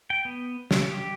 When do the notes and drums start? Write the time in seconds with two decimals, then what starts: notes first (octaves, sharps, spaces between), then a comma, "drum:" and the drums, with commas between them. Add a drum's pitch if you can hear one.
0.10 G5
0.25 B3
0.71 C#3, drum: snare
0.91 G4